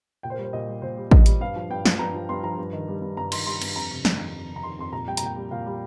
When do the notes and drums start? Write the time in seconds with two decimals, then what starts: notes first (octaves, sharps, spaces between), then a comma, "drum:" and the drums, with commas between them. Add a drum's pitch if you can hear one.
0.23 A#2 G5
0.30 C5
0.34 A#4
0.38 G3
0.43 C5
0.53 A#2 D#5
0.68 G3
0.82 A#2 C5
0.97 G3
1.11 A#2 D#5, drum: kick A1
1.26 G3, drum: hi-hat
1.41 G2 F5
1.56 F3
1.70 G2 G5
1.85 F3, drum: snare
1.99 G2 A#5
2.14 F3
2.29 G2 C6
2.43 F3 A#5
2.58 G2
2.73 D#3
2.88 G3
3.02 G2
3.17 G2 A#5
3.32 D#3 C6, drum: cymbal
3.46 G3 C6
3.62 G2, drum: cymbal
3.76 F2 A#5
3.90 C3
4.05 D#3, drum: snare
4.20 F2
4.35 F2
4.49 C3
4.56 A#5
4.63 D#3 C6
4.79 F2 C6
4.92 A#2 A#5
5.07 G3 G5
5.17 A#5, drum: hi-hat
5.22 A#2 G5
5.36 G3
5.51 A#2 F5
5.66 G3